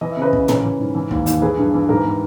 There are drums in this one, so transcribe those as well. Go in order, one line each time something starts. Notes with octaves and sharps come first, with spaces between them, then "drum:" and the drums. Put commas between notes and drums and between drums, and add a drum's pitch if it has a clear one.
E3 D#5
E5
C#3
B4 D#5
C#3, drum: kick
E3 A#4 C#5, drum: tom
E3
G#2
E3
D#2, drum: kick
D#2, drum: hi-hat
E3 G#4 B4
G2
E3
G#2 G4 A#4
E3